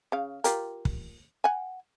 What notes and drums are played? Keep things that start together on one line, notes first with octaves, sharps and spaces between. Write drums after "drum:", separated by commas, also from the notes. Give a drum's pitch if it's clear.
C#3 F5
F4 G4 A#4, drum: hi-hat
drum: kick
F#5 G#5